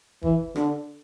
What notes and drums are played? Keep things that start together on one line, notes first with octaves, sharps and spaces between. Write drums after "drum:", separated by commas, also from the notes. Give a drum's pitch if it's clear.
E3, drum: kick
D3, drum: rim click